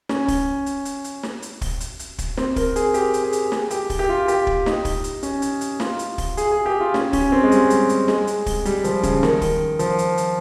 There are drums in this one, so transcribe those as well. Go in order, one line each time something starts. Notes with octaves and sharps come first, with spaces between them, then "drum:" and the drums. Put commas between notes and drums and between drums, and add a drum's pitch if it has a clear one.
C#4, drum: snare
drum: kick, open hi-hat
drum: hi-hat
drum: hi-hat
drum: hi-hat
drum: snare
drum: hi-hat
drum: kick, open hi-hat
drum: hi-hat
drum: hi-hat
drum: kick, hi-hat
C4, drum: snare
A#4, drum: kick, open hi-hat
G#4, drum: hi-hat
G4, drum: hi-hat
drum: hi-hat
G#4
drum: hi-hat
G#4, drum: snare
G4, drum: hi-hat
drum: kick, open hi-hat
G4
F4
G4, drum: hi-hat
drum: kick
D#4, drum: snare
drum: kick, open hi-hat
drum: hi-hat
C#4, drum: hi-hat
drum: hi-hat
drum: hi-hat
F4, drum: snare
drum: hi-hat
drum: kick, open hi-hat
G#4, drum: hi-hat
G#4
G4
F4
C#4, drum: snare
C#4, drum: kick, open hi-hat
C4
G#3
G3, drum: hi-hat
drum: hi-hat
drum: hi-hat
G#3, drum: snare
drum: hi-hat
drum: kick, open hi-hat
G3, drum: hi-hat
F3, drum: hi-hat
C#3, drum: kick, hi-hat
D#3, drum: snare
drum: kick, open hi-hat
F3, drum: hi-hat
drum: hi-hat
drum: hi-hat